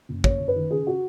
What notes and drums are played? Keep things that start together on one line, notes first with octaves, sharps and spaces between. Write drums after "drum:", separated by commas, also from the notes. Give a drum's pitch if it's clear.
F#1
F#1 C#5, drum: kick
F#1
B4
D#3
C#3 G#4
F#4